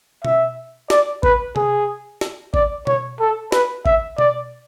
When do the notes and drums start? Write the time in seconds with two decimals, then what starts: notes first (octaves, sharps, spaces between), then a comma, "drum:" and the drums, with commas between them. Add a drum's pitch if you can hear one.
0.25 E5, drum: tom B2
0.90 D5, drum: snare
1.23 B4, drum: kick
1.56 G#4, drum: tom C3
2.21 drum: snare
2.54 D5, drum: kick
2.87 C#5, drum: tom B2
3.20 A4
3.52 B4, drum: snare
3.86 E5, drum: kick
4.18 D5, drum: tom B2